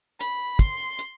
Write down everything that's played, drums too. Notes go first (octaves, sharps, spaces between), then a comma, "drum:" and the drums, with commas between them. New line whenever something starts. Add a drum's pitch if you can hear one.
B5, drum: hi-hat
C6, drum: kick, hi-hat
drum: hi-hat